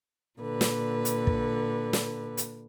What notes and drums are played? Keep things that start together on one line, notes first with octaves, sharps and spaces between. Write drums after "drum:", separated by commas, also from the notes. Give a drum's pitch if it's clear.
A#2 D3 B4
drum: snare
drum: hi-hat
drum: kick
drum: snare
drum: hi-hat